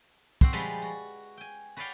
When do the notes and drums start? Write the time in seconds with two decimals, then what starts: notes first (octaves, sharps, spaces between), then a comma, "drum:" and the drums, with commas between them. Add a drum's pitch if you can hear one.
0.41 C4 F#4 C5, drum: kick
0.53 F3 G3 G#3 B4
0.82 F#4
1.37 G5 G#5
1.77 F#4 B4 C#5 D5 F5 G5